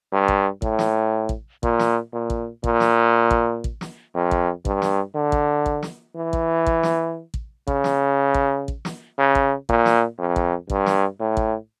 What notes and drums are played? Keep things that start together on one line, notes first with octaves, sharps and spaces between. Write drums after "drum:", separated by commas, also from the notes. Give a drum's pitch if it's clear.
G2
drum: kick
A2, drum: kick
drum: snare
drum: kick
A#2, drum: kick
drum: snare
A#2
drum: kick
A#2, drum: kick
drum: snare
drum: kick
drum: kick
drum: snare
F2
drum: kick
G2, drum: kick
drum: snare
D3
drum: kick
drum: kick
drum: snare
E3
drum: kick
drum: kick
drum: snare
drum: kick
C#3, drum: kick
drum: snare
drum: kick
drum: kick
drum: snare
C#3
drum: kick
A#2, drum: kick
drum: snare
F2
drum: kick
G2, drum: kick
drum: snare
A2
drum: kick